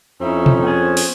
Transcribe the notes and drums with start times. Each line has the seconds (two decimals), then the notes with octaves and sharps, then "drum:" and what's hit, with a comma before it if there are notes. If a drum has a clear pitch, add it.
0.21 F2 C#4 D#4 E4
0.46 drum: tom B2
0.63 B3 G#4 C5
0.97 drum: open hi-hat